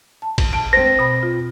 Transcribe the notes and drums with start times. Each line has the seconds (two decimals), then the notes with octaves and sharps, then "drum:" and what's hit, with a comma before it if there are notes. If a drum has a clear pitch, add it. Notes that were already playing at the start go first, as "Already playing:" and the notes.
0.22 A5
0.38 drum: kick, cymbal
0.53 A5 D7
0.73 C4 C5 A#6
0.99 B2 B5
1.23 F4